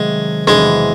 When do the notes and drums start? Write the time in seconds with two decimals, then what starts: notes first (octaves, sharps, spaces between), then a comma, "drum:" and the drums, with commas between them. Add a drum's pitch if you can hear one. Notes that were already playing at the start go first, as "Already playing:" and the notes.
Already playing: C3 D#3 F#3 G#3 A3
0.47 E1 E2 C3 E3 G#3 C4, drum: snare